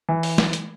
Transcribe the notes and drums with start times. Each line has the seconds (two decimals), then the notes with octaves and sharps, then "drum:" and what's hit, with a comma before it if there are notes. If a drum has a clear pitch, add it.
0.09 E3
0.23 drum: open hi-hat
0.38 drum: snare
0.53 drum: hi-hat